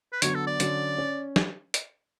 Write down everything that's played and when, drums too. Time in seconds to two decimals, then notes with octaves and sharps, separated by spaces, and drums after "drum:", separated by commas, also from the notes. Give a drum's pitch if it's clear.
0.13 B4
0.22 D3 F#3 B3 C#5, drum: hi-hat
0.35 A4
0.47 D5
0.60 D3 F#3 C#4, drum: hi-hat
0.98 C#4
1.36 drum: snare
1.74 drum: hi-hat